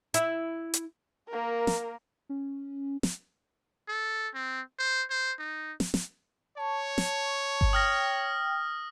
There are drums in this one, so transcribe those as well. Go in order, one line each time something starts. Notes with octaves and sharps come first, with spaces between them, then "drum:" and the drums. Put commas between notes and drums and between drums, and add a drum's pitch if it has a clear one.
E4 E5, drum: hi-hat
drum: hi-hat
A#3 A#4
drum: snare
C#4
drum: snare
A4
C4
C5
C5
D#4
drum: snare
drum: snare
C#5 A5 C#6
drum: snare
drum: kick G1
G5 D#6 F6 A#6